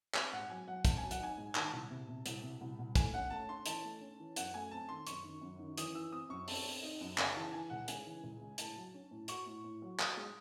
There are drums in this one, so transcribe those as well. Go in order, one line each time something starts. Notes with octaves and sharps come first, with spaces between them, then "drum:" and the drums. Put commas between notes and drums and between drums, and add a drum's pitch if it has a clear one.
C4 G#5, drum: clap
G#2 F#5
F#3 G#5
F#3 F#5
C4 A5, drum: kick, hi-hat
G#5
F#3
F#5, drum: hi-hat
D#4 G#5
G#2
D#3 A5, drum: clap
C2
C3
C3
C2, drum: hi-hat
C3
C2
C2
A3 G#5, drum: kick, hi-hat
C#4 F#5
A3 A5
C#4 C6
E3 A5, drum: hi-hat
A3
C#4
E3
F#2 F#5, drum: hi-hat
A3 G#5
C4 A5
D#3 C6
F#2 C#6, drum: hi-hat
D#3
F#2
D#3
E3 D#6, drum: hi-hat
E3 E6
C4 D#6
F#2 C#6
C4 A5, drum: open hi-hat
C4
D#4
F#2
C#3 G#5, drum: clap
E3 A5
E3 G#5
C#2 F#5
C#3 G#5, drum: hi-hat
E3
C#2
C#3
A2 A5, drum: hi-hat
F#3
C#4
A2
F#4 C#6, drum: hi-hat
A2
A2
F#3
F#4 D#6, drum: clap
G#3